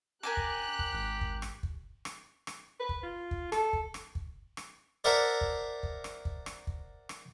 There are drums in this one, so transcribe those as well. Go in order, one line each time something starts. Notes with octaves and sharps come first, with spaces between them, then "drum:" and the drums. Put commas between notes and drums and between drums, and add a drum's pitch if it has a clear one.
G4 A#4 G#5 D6 F#6
drum: kick
drum: kick
G#1
drum: kick
drum: rim click
drum: kick
drum: rim click
drum: rim click
B4
drum: kick
F4
drum: kick
A4, drum: rim click
drum: kick
drum: rim click
drum: kick
drum: rim click
A#4 C5 D5 E5 F#5 A5
drum: kick
drum: kick
drum: rim click
drum: kick
drum: rim click
drum: kick
drum: rim click